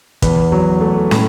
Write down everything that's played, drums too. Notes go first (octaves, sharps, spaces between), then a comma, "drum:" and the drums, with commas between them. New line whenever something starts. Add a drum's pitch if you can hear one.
E2 B4, drum: kick, hi-hat
F#3
A3
A2, drum: snare